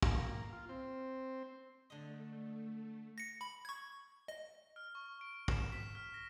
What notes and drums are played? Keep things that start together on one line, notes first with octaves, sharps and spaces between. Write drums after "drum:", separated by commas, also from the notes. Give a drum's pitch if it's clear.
A#3, drum: kick
F4
C4
D3 A3 D#5
A#6 C#7
B5
C#6 G#6
D#5
F6
C#6
D7
E7, drum: kick
B6
F6
A#6